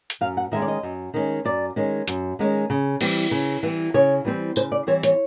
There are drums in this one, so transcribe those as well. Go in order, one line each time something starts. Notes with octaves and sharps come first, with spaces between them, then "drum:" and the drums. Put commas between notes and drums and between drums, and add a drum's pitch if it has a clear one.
drum: hi-hat
F#2 F5
F#5
D#3 G#3 C#4 E5
D5
D#5
F#2
D#3 G#3 C#4
F#2 D5
D#3 G#3 C#4
F#2, drum: hi-hat
D#3 G#3 C#4
C#3
E3 G3 C4, drum: cymbal
C#3
E3 G3 C4
C#3 C#5
E3 G3 C4
C#3 C5, drum: tambourine
D5
E3 G3 C4 C#5
C#5, drum: hi-hat